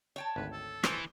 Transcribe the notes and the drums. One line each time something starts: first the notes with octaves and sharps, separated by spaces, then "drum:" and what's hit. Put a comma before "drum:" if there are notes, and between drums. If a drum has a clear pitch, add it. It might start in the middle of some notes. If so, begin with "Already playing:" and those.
C#5 G5 A5
G#1 D2 B4
A4
E3 C5, drum: rim click